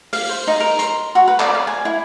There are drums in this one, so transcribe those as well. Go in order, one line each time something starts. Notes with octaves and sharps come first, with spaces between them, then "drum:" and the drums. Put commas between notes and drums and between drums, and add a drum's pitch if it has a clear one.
F5, drum: open hi-hat
C5
D#4
A#4
C6, drum: hi-hat
F#4
B4
D5, drum: clap
F5
G#5
E4